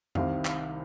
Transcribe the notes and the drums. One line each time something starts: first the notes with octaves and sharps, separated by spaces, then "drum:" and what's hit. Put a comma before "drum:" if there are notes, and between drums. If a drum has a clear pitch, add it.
C2 C3 D#3 F5, drum: tom F2
F5, drum: clap